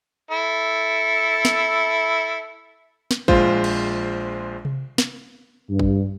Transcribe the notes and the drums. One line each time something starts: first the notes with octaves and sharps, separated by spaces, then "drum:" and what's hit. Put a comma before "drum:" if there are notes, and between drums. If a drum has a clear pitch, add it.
E4 A4
drum: snare
drum: snare
A#1 G#3 F4 C5, drum: kick
drum: cymbal
drum: tom C3
drum: snare
G2
drum: kick